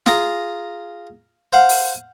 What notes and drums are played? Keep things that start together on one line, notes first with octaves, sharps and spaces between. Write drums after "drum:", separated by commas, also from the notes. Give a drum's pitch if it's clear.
F4 G#4 G#5 A#5, drum: snare
C5 F5 F#5
drum: open hi-hat